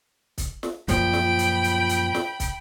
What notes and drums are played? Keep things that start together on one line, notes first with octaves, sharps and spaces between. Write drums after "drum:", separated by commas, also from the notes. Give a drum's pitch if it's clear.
drum: kick, hi-hat
drum: snare
F#2 A#2 F3 G5 B5, drum: kick, hi-hat
drum: snare
drum: hi-hat
drum: hi-hat
drum: hi-hat
drum: snare
drum: kick, hi-hat